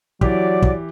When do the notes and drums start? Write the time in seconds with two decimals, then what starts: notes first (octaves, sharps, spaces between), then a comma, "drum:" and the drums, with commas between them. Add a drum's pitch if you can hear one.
0.21 E3 F#3 G4 D5, drum: kick
0.62 drum: kick